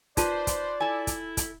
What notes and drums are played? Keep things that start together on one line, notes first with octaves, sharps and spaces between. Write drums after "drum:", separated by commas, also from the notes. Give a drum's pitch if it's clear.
D#4 F4 B4 C5 D5 A5, drum: kick, hi-hat
drum: kick, hi-hat
E4 A4 G#5
drum: kick, hi-hat
drum: kick, hi-hat